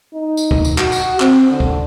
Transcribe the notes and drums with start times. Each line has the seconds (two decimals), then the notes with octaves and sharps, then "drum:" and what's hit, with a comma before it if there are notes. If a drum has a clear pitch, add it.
0.14 D#4
0.37 drum: tambourine
0.51 drum: kick
0.65 drum: tambourine
0.78 F#4, drum: clap
0.92 drum: tambourine
1.20 C4, drum: clap
1.51 D3
1.60 drum: kick